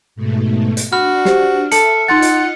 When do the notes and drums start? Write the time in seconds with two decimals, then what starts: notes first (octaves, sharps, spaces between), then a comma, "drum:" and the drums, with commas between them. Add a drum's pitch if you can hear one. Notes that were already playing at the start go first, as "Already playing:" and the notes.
0.16 G#2 B2 A3
0.77 drum: hi-hat
0.93 D4 F#4 B5 F6
1.25 G4 C5, drum: snare
1.72 A4 E5 A5 C#7 F#7, drum: hi-hat
2.08 D#4 F4 D#5 F#5 C6 A6
2.22 drum: hi-hat